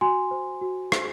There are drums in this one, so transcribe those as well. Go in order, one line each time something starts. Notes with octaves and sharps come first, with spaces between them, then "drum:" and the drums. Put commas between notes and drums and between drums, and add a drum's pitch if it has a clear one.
F#4 G#5 C6
C5
F#4
C5, drum: rim click